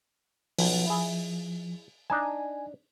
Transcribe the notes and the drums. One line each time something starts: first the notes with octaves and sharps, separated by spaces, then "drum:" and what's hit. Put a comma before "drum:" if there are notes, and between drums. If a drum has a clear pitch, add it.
B1 F3, drum: open hi-hat
E4 G#4
D4 D#4 G#5 A5